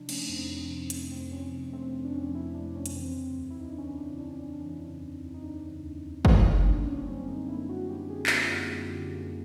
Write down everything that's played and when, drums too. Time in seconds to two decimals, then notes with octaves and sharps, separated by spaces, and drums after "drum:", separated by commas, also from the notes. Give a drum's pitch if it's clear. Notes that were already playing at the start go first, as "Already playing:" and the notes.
Already playing: C3 F3 D4 D#4
0.09 A3 C#4, drum: cymbal
0.29 F2 C4
0.49 F3 C#4
0.70 C3 C4
0.90 A3 C#4, drum: hi-hat
1.11 F2 C4
1.31 F3 C#4
1.52 C3
1.72 A3 C4
1.93 F2
2.05 D4
2.13 F3 C#4
2.35 C3 E4
2.55 A3 D4
2.75 F2 C#4
2.86 drum: hi-hat
2.96 E3 C4
3.17 C#3
3.37 D#2
3.50 E4
3.57 D#2 D#4
3.69 D4
3.78 E3 C#4
3.98 C#3 D4
4.19 D#2 D4
4.32 C#4
4.40 D#2 D4
4.61 E3 C#4
4.81 C#3
5.02 D#2
5.22 D#2
5.34 D#4
5.43 E3 D4
5.64 C#3
5.84 D#2
6.04 D#2
6.25 G3 D#4, drum: kick
6.46 D3
6.66 A#3 D4
6.81 D4
6.86 F#2 C#4
7.02 C4
7.07 G3 C#4
7.28 D3 D#4
7.48 A#3 E4
7.69 F#2 F#4
7.89 G3 G4
8.10 D3 G#4
8.26 G#4, drum: clap
8.30 A#3 G4
8.42 F4
8.51 F#2 F#4
8.72 G3 G4
8.93 D3
9.13 A#3